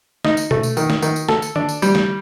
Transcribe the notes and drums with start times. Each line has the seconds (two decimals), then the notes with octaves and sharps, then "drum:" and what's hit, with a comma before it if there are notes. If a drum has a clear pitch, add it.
0.25 D#4, drum: snare
0.37 drum: tambourine
0.51 A3, drum: tom B2
0.63 drum: tambourine
0.77 D#3, drum: tambourine
0.90 drum: snare
1.02 D#3, drum: tambourine
1.16 drum: tambourine
1.29 A4, drum: snare
1.42 drum: tambourine
1.56 D4, drum: tom D3
1.69 drum: tambourine
1.82 G3, drum: tambourine
1.95 drum: snare